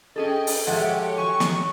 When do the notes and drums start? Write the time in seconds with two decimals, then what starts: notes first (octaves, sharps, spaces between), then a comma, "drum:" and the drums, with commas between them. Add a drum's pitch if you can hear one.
0.16 C#4 G#4 A4 D#5 G5
0.47 drum: open hi-hat
0.67 F3 G#3 G4 A4 C#5 E5 F#5
1.18 F#3 G#5 C#6
1.40 drum: snare